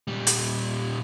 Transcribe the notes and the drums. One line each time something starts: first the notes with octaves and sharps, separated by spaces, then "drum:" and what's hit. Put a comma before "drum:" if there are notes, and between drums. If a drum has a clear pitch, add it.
A#2 G3
drum: hi-hat